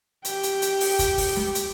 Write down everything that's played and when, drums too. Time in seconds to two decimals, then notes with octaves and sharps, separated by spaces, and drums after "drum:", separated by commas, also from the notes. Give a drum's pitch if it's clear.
0.25 G4 G5, drum: hi-hat
0.43 drum: hi-hat
0.62 drum: hi-hat
0.80 drum: open hi-hat
0.99 drum: kick, hi-hat
1.18 drum: kick, open hi-hat
1.36 drum: snare
1.55 drum: hi-hat